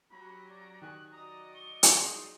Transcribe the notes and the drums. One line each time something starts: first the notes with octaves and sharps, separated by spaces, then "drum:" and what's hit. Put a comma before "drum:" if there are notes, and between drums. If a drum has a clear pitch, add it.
F#3 C#4 G4 A#5 B5
D5
D#3 G#5 F#6
F#3 D5 D#5 A#5 D#6
C#6 G7
drum: hi-hat
D#4 G#4 C6